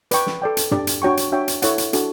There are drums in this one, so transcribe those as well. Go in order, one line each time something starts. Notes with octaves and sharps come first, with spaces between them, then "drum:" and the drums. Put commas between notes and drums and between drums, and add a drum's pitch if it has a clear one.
B4 D5 G5 C#6, drum: hi-hat
drum: snare
A4 D5 G5
drum: hi-hat
D4 G4 D5, drum: tom
drum: hi-hat
D4 F#4 C#5 G5 C#6
drum: hi-hat
D4 F#4 C#5 E5 G5
drum: hi-hat
E4 A4 C#5 F#5, drum: hi-hat
drum: hi-hat
D4 F#4 A4, drum: hi-hat